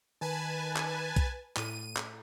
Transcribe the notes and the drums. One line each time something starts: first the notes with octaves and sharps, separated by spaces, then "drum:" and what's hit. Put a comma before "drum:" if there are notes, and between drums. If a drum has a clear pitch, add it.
D#3 B4 G#5 A5
drum: clap
drum: kick B1, hi-hat
A2 D#7, drum: clap
drum: clap